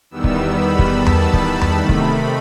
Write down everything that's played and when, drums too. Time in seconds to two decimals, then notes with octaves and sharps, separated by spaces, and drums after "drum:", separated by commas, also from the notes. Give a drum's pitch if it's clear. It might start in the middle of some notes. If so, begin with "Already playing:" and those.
0.10 E2 D#3 G3 B3 E6
0.24 drum: kick C#1
0.51 B5
0.79 drum: kick C#1
0.92 A5
1.06 drum: tom E2
1.34 B5, drum: kick C#1
1.61 drum: tom E2
1.75 C3 D#3 A3
1.89 drum: kick C#1